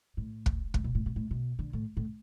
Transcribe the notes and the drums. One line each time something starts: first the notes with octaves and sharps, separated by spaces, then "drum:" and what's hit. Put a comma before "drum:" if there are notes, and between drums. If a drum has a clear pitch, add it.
A2
drum: kick
A2, drum: kick
B2
A2
B2
A2
B2
D3
A2
A2